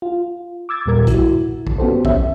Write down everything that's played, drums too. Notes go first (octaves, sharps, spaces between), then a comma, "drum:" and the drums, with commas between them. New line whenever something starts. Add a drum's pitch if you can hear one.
F4
D6 E6 G#6 A6
D#2 A#2 G3 A#4 G#6
E4 F#4, drum: kick, hi-hat
drum: kick
B3 C#4 F#4 G4 A4 C5
C#4 E5, drum: kick